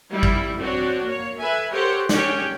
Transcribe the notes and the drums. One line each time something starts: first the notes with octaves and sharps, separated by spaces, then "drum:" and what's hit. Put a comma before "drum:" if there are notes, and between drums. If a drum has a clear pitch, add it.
G3 E4
drum: kick
C4 D4 F#4 C#5
A#3 C#5
A4 B4 E5 G#5
G4 A4 A#4 C5 C#5 F#5
C#4 D4 G4 G#4 C#5 G5, drum: snare